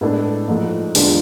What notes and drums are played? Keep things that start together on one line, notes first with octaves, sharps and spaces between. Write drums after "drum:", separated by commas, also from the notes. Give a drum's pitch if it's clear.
A2 G#3 B3 D4 A4
G#2 F3 A3
E2 D3 G#3 D4 F4, drum: open hi-hat